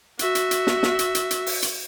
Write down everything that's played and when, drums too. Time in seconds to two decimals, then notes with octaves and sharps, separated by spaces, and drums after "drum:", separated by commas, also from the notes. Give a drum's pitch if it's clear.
0.19 F#4 E5, drum: hi-hat
0.35 drum: hi-hat
0.51 drum: hi-hat
0.67 drum: snare
0.83 drum: snare
0.99 drum: hi-hat
1.15 drum: hi-hat
1.31 drum: hi-hat
1.46 drum: open hi-hat
1.62 drum: hi-hat